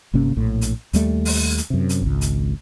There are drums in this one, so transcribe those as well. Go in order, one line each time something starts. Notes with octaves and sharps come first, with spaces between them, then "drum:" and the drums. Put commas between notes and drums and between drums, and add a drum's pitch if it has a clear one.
G1 C3 A#3 C#4
A#1 A2
drum: hi-hat
D#2 G3 A3, drum: hi-hat
drum: open hi-hat
drum: hi-hat
F#2 C3
drum: hi-hat
G#1 C#2
drum: hi-hat